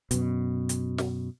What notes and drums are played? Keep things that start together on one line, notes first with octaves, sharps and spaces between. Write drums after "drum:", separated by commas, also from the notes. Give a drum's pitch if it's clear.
F#2 B2, drum: hi-hat
drum: hi-hat
drum: snare